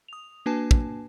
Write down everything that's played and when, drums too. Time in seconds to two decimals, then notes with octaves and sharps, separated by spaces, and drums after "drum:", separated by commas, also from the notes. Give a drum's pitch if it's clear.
0.08 D#6 F7
0.46 A#3 D4 F#4 B4 G#5 A5
0.71 drum: kick